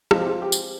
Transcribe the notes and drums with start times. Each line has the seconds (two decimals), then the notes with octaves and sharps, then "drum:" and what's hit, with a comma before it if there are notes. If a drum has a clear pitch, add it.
0.11 F3 G#3 C4 F4, drum: rim click
0.20 G4
0.26 F4
0.42 G4
0.52 drum: tambourine